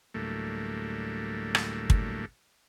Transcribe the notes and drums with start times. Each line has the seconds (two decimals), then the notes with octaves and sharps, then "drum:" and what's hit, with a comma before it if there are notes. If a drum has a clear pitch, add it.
0.14 D2 A2 F#3 G3 A3 A#3
1.55 drum: rim click
1.90 drum: kick